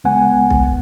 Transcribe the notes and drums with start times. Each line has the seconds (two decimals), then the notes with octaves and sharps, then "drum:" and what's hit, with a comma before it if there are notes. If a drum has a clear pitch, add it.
0.04 C#2 G#3 B3 F#5 G#5
0.50 drum: kick B1